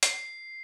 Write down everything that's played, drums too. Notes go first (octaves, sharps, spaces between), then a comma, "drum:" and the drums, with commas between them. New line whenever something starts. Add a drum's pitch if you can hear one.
C7, drum: hi-hat